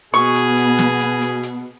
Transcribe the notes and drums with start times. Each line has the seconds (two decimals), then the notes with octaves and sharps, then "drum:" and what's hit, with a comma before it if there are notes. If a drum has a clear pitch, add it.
0.14 B2 B3 G#4 C#6, drum: hi-hat
0.35 drum: hi-hat
0.57 drum: hi-hat
0.79 drum: snare
1.00 drum: hi-hat
1.22 drum: hi-hat
1.43 drum: hi-hat